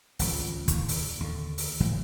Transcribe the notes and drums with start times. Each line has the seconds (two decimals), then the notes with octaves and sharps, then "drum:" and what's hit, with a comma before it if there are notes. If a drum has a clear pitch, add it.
0.19 G#1 C#2 F3, drum: open hi-hat
0.68 D#2 A2, drum: kick, hi-hat
0.89 drum: open hi-hat
1.20 D#2 D3
1.58 drum: open hi-hat
1.80 G1 A2 E3 F#3